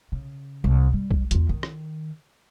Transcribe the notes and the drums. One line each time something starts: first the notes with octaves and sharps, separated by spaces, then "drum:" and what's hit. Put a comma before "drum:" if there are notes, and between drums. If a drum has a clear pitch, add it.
C#3
C2
G3
drum: kick B1
E2 F4, drum: hi-hat
D#3
drum: rim click